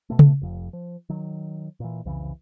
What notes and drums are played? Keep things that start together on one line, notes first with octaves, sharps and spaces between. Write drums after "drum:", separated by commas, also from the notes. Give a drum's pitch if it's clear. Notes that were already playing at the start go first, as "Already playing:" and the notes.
B2 A3
drum: tom C#3
F1 F2
F3
D#3 F#3
A#2 E3
C2 F2 C#3 E3